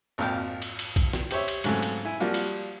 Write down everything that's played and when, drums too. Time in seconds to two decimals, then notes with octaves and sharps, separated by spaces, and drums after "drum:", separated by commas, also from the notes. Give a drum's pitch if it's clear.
0.18 G#1 F2 A#2 F3 F5 G5
0.62 drum: cymbal
0.79 drum: cymbal
0.96 drum: kick A#1, cymbal
1.13 drum: snare
1.31 G4 C5 C#5 E5, drum: cymbal
1.48 drum: cymbal
1.64 G#2 C#3 F#3 G#3 A3 C4, drum: cymbal
1.82 drum: cymbal
2.05 E4 G#5
2.20 F3 G3 A#3 F4 F#4
2.34 drum: cymbal